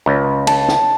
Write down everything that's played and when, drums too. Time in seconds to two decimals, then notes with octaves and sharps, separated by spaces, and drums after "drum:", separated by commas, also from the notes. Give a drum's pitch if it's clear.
0.06 C#2
0.47 A5, drum: cymbal
0.68 drum: snare